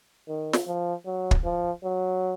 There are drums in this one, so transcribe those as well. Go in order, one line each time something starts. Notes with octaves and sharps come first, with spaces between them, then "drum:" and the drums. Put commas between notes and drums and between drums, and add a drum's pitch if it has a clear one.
D#3
drum: snare
F3
F#3
drum: kick
F3
F#3